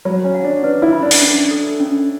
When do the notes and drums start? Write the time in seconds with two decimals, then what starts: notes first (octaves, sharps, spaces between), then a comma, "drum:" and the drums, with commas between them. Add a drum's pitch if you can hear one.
0.05 F#3 B5
0.24 C#4
0.34 F#5
0.44 D4
0.63 D4 B4
0.82 E4
0.93 B5
1.02 D4
1.11 drum: open hi-hat
1.21 C#4
1.51 A4
1.80 C#4